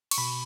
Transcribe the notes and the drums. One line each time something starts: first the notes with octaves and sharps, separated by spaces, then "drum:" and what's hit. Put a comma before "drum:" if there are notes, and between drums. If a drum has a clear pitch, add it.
C#6, drum: cymbal
B2 B5